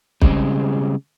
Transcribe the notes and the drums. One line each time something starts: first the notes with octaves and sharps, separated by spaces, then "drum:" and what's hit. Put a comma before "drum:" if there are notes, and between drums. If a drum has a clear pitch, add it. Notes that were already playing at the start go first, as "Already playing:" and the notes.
C#3 G3 G#3 C4, drum: kick